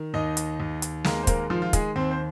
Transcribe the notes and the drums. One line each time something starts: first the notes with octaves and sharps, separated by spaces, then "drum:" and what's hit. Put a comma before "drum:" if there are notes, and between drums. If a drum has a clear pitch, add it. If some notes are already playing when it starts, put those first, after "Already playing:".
Already playing: D#3
D#2 D#4 D#5
drum: hi-hat
D#2
drum: hi-hat
G#3 A#3 A#4, drum: snare
C5
A#3 A#4, drum: kick, hi-hat
D#3 F3 F4
F4
G#3 G#4, drum: kick, hi-hat
D#2 C4 C5
C5